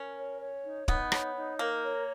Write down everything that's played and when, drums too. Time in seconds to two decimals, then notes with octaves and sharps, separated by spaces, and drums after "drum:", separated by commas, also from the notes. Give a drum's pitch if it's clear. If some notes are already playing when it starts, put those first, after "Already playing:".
Already playing: C#4 A#4
0.17 C#5
0.41 C#5
0.64 D#4
0.88 B3 D#4, drum: kick D1
1.12 C#5, drum: rim click
1.36 D#4
1.59 A#3 A#4
1.84 C#5